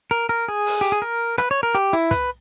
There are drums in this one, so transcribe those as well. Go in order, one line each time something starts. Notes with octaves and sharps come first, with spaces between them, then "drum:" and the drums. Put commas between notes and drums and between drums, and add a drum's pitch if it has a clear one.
A#4
A#4
G#4
drum: open hi-hat
G4
G#4
A#4
B4, drum: rim click
C#5
A#4
G4
E4
B4, drum: kick, hi-hat